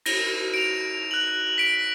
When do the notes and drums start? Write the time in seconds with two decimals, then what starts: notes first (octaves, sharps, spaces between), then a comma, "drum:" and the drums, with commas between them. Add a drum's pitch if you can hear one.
0.06 A#6, drum: cymbal
0.29 A#6
0.54 D7 F7
1.11 F#6 F#7
1.58 B6 D7